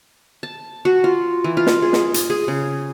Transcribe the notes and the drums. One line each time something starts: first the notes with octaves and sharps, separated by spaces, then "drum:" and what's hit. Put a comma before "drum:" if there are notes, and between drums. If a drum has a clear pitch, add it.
A5
F#4
F4
E3
F4
drum: snare
G#4
drum: snare
drum: hi-hat
G#4
C#3